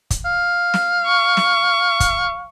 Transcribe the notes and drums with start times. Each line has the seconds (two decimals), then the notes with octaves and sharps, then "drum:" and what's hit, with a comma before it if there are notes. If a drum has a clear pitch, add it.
0.10 drum: kick, hi-hat
0.25 F5
0.74 drum: snare
1.05 C#6
1.37 drum: snare
2.00 drum: kick, hi-hat